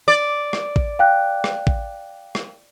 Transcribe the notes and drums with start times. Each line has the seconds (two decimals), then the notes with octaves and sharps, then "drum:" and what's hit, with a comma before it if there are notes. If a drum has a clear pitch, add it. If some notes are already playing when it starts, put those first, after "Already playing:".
0.08 D5
0.53 drum: rim click
0.76 drum: kick
0.99 F5 G5 F#6
1.44 drum: rim click
1.67 drum: kick
2.35 drum: rim click